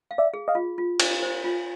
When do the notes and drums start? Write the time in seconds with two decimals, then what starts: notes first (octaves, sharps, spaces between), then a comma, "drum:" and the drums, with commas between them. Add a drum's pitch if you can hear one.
0.11 F5
0.18 D5 E5
0.34 G#4
0.48 D#5 F5
0.55 F4
0.78 F4
1.00 C5, drum: cymbal
1.23 C5
1.44 F4